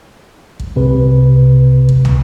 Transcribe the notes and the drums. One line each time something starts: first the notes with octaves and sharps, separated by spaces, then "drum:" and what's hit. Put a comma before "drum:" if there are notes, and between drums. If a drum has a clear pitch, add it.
drum: kick
C2 C3 B4
drum: kick
drum: tom